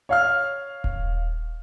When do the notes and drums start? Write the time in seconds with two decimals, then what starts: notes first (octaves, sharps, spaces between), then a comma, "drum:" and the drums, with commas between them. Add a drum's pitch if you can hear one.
0.09 C#5 F5 F6
0.84 drum: kick D#1